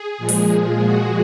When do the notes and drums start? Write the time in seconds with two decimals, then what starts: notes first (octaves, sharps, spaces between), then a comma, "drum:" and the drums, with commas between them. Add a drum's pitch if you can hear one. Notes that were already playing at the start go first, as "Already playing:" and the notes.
Already playing: G#4
0.18 A#2 F3 G#3
0.29 drum: open hi-hat
0.84 F#4